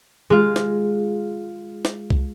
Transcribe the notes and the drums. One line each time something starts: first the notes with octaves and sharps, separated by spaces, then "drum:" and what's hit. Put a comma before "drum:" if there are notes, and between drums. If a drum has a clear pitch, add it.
G#3 F4
drum: snare
drum: snare
drum: kick C2